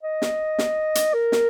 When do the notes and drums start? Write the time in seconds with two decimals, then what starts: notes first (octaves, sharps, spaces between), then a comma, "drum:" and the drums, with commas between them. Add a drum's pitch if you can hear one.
0.03 D#5
0.22 drum: snare
0.59 drum: snare
0.95 drum: hi-hat
1.14 A#4
1.32 drum: snare